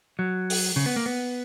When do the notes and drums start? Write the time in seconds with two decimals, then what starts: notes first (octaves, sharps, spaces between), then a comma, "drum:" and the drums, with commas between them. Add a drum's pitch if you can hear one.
0.19 F#3
0.50 drum: open hi-hat
0.76 C#3
0.86 B3
0.96 A#3
1.06 B3